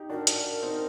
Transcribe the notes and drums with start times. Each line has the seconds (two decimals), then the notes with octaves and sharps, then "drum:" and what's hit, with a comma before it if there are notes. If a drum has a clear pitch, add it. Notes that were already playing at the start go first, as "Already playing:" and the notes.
Already playing: D#4 G4
0.10 D4 F#4 A#4
0.27 A#4, drum: hi-hat
0.62 C4 D#4